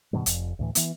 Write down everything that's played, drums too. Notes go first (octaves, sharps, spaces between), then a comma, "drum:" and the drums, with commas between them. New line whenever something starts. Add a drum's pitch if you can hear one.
G2 B2 D#3 G3
F1 F2, drum: hi-hat
D2 A2 E3
E3 B3, drum: hi-hat